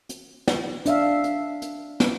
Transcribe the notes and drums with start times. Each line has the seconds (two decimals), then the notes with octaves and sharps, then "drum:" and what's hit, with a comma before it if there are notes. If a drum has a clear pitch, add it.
0.09 drum: hi-hat
0.48 drum: snare
0.86 D4 E5 F5, drum: hi-hat
1.24 drum: hi-hat
1.62 drum: hi-hat
2.00 drum: snare